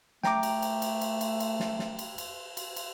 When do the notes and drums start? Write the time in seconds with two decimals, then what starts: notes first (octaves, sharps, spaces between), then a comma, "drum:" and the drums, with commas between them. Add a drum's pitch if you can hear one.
0.24 A3 G5 A#5 D6, drum: snare
0.43 drum: cymbal
0.62 drum: cymbal
0.82 drum: cymbal
1.01 drum: cymbal
1.21 drum: cymbal
1.40 drum: cymbal
1.60 drum: snare
1.79 drum: snare
1.99 drum: cymbal
2.18 drum: cymbal
2.57 drum: cymbal
2.76 drum: cymbal